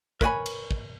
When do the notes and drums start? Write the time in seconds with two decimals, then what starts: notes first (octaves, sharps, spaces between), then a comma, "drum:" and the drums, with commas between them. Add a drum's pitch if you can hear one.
0.21 A#4 B4 C#5 D#5 G#5 B5, drum: kick
0.46 drum: cymbal
0.71 drum: kick